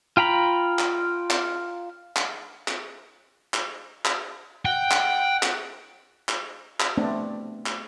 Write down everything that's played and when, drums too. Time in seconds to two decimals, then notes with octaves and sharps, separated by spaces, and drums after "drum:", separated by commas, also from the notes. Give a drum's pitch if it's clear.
0.17 F4 G5 A#5 B5
0.79 drum: clap
1.30 drum: clap
2.16 drum: clap
2.68 drum: clap
3.54 drum: clap
4.05 drum: clap
4.65 F#5 G5
4.91 drum: clap
5.43 drum: clap
6.29 drum: clap
6.80 drum: clap
6.97 A3 B3 C4 D4
7.66 drum: clap